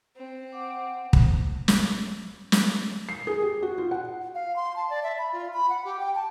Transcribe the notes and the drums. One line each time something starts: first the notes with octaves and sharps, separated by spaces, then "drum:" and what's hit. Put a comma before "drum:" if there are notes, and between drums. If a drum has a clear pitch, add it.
C4
F#5 G5 D6
drum: kick
drum: snare
drum: snare
C7
G#4
G4
F#4
F4
F#5
F5
C6
A5
D5
E5
B5
F4
B5
F#5
G4
G5
A5